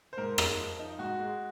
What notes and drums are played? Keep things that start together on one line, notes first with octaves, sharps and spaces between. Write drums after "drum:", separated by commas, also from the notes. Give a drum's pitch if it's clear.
C5
G#2 A#4
G#3, drum: rim click
F3
D#4
G#2 F#4
G#3